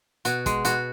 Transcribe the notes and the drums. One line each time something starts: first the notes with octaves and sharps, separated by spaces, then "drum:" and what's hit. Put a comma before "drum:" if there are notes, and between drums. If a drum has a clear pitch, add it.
B2 F#4, drum: hi-hat
G#3, drum: kick, hi-hat
B2 F#4, drum: hi-hat